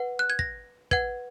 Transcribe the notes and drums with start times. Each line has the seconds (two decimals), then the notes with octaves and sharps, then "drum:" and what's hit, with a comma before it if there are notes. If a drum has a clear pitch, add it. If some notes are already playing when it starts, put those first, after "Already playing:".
Already playing: B4 F#5
0.19 F#6
0.30 G#6
0.39 A#6, drum: kick
0.91 B4 F#5 G#6, drum: kick